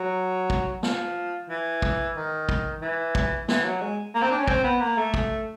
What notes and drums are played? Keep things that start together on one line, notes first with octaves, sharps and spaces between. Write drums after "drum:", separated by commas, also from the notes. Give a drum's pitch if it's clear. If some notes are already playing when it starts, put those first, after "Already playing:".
Already playing: F#3
drum: kick
F3, drum: snare
E3
drum: kick
D#3
drum: kick
E3
drum: kick
E3, drum: snare
F#3
G#3
A#3
C4
D4
C#4
C4, drum: kick
B3
A#3
A3
drum: kick